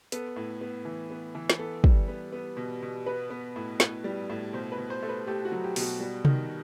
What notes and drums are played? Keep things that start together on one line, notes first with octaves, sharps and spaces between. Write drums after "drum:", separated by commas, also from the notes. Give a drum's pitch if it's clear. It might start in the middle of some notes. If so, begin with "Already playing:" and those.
B3 A4, drum: hi-hat
A2
B3
E3
B3
E3
drum: snare
B3 A4
G3, drum: kick
B3
B3
B2
B2
B3 B4
B3
A2
A2, drum: snare
G3
A2
B2 C5
B4
B2
C5
A3
B4
A3 G4
F#4
F#3
G4
B2, drum: open hi-hat
F#4
G3
D#3, drum: tom C3